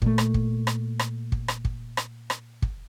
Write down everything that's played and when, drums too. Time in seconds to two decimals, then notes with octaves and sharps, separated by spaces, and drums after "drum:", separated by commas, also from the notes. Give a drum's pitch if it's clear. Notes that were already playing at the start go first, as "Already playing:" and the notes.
0.02 A#2 A3, drum: kick
0.18 drum: rim click
0.34 drum: kick
0.67 drum: rim click
0.99 drum: rim click
1.32 drum: kick
1.48 drum: rim click
1.65 drum: kick
1.97 drum: rim click
2.30 drum: rim click
2.62 drum: kick